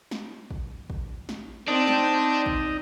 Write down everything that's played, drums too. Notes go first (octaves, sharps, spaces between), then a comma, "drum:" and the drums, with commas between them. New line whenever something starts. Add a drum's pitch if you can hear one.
drum: snare
drum: kick
drum: kick
drum: snare
C4 D4 D#4 D5
drum: snare
drum: kick